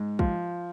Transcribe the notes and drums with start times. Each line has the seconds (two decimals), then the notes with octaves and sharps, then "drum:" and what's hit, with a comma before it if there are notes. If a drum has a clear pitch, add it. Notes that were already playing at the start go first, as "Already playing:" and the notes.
Already playing: G#2
0.19 F3, drum: kick